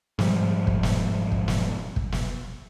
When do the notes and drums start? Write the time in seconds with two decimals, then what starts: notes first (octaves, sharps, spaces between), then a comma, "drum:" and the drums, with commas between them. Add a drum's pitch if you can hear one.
0.19 G#2 F3 G3, drum: snare
0.67 drum: kick
0.83 drum: snare
1.32 drum: kick
1.48 drum: snare
1.96 drum: kick
2.12 drum: snare